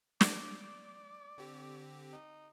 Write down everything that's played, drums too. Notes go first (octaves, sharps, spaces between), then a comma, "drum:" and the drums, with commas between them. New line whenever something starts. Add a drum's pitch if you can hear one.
D5 D6, drum: snare
D3 C4 G4
D#4